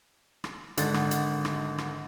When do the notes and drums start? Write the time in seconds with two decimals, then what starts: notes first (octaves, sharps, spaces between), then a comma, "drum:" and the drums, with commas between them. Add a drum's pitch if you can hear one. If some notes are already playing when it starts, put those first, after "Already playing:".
0.44 drum: rim click
0.77 G#1 D3 F#5 A6, drum: hi-hat
0.94 drum: rim click
1.11 drum: hi-hat
1.45 drum: rim click
1.78 drum: rim click